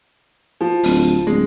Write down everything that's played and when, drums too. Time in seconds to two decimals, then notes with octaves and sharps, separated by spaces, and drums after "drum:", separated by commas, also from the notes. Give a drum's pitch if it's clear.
0.61 F3
0.83 D1, drum: open hi-hat
1.27 D1 G#3